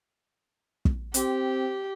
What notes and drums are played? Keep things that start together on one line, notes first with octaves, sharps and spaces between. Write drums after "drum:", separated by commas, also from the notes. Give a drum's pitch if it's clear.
drum: kick
C4 G4, drum: hi-hat